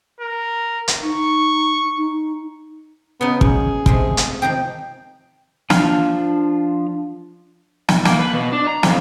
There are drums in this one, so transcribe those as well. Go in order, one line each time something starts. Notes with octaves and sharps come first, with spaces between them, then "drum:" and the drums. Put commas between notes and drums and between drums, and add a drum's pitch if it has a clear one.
A#4
drum: hi-hat
D#4 C#6
D#4
C#3 B3 D#4
F#2 G#4, drum: kick
C3 G#3 A3, drum: kick
drum: hi-hat
C3 D#3 F3 G5
F3 D4 F5 F6, drum: snare
drum: snare
A#3, drum: snare
B4
B2
D4
A#5
F2, drum: snare